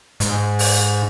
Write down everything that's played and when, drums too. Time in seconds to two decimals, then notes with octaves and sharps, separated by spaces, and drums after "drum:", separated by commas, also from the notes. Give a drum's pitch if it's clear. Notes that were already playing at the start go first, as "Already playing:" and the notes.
0.20 G#2, drum: hi-hat
0.59 drum: open hi-hat